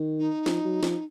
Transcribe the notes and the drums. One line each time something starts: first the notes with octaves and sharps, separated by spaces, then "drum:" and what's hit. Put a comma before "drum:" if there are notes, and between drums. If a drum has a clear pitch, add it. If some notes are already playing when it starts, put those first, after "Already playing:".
Already playing: D#3
D#4
F3, drum: snare
F#3
F3, drum: snare